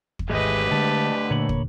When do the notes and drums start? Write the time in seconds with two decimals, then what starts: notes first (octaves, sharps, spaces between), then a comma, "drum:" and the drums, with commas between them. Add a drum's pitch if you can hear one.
0.19 drum: kick
0.30 G#1 D2 G#3 A3 G4 B4 D#5
0.71 D3 G#3 A5
1.31 A#2 D3 A#3 C#5 B5
1.49 drum: kick